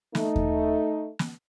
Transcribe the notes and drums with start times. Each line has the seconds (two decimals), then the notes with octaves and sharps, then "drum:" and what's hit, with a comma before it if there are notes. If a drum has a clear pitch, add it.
0.15 A3 D#4, drum: snare
0.36 drum: kick D#2
1.19 drum: snare